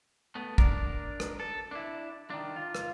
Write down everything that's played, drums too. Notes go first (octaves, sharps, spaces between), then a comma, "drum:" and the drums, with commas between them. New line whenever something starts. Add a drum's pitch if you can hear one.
A3 B3
D4 A#4, drum: kick
drum: rim click
A4
D4 E4
D#3 D4
F4
drum: rim click